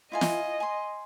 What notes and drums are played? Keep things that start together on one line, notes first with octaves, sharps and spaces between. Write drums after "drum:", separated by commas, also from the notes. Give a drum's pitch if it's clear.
E4 F4 D#5 G#5
drum: snare
G#5 C6